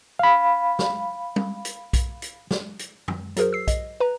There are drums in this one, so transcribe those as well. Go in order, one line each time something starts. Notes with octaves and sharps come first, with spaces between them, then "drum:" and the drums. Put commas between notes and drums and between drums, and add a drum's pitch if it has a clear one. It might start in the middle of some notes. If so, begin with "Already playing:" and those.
F5 B5
drum: snare
drum: tom
drum: hi-hat
drum: kick B1, hi-hat
drum: hi-hat
drum: snare
drum: hi-hat
drum: tom
F#3 F#4 G#4 A#4 C5, drum: hi-hat
E6 C7
D#5, drum: kick B1, hi-hat
B4 A#5